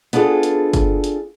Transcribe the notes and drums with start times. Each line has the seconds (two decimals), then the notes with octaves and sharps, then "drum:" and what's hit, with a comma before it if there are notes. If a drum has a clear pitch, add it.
0.13 B3 D4 F4 G#4 A4, drum: hi-hat
0.43 drum: hi-hat
0.73 drum: kick, hi-hat
1.04 drum: hi-hat